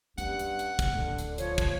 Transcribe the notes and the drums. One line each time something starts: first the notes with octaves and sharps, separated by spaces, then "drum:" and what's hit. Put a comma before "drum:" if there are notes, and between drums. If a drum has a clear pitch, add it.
G2 C#4 F#5, drum: hi-hat
drum: hi-hat
drum: hi-hat
drum: kick, hi-hat
D1 D3
drum: hi-hat
F3 C#5, drum: hi-hat
drum: kick, hi-hat